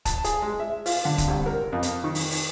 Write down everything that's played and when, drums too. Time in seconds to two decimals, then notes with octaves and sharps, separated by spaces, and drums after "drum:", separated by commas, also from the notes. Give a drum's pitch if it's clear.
0.05 A5, drum: kick, hi-hat
0.24 G#4, drum: hi-hat
0.42 G#3
0.60 E5
0.86 F4, drum: open hi-hat
1.05 D3
1.18 drum: kick, hi-hat
1.28 C2
1.46 A#4
1.72 F2
1.83 drum: hi-hat
2.04 D#3
2.15 drum: open hi-hat
2.31 drum: open hi-hat